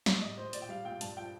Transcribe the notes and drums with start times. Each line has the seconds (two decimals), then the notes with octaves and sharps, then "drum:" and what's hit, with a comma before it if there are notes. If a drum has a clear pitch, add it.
0.06 G3 D5, drum: snare
0.22 A2 D#5
0.38 A2 C5
0.53 A#2 D5, drum: hi-hat
0.62 G5
0.69 G3 F5
0.85 A#2 G5
1.01 G2 A5, drum: hi-hat
1.17 F3 G5